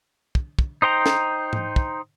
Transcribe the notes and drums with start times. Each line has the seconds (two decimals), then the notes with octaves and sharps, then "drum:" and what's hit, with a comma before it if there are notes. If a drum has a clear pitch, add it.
0.35 drum: kick
0.59 drum: kick
0.82 D#4 C5 G5 A#5
1.06 drum: snare
1.53 drum: tom G#2
1.76 drum: kick